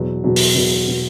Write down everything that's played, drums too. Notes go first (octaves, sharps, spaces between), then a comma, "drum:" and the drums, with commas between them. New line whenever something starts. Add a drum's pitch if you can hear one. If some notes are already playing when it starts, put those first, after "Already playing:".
Already playing: E2 B2 F#3
E2 B2 F#3
drum: open hi-hat
E2 B2 F#3
B2 F#3